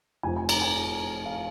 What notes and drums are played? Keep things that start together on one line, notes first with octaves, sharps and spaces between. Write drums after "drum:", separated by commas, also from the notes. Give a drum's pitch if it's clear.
F1 F2 F3 G#5
G#5
A#5, drum: cymbal
G#5
F5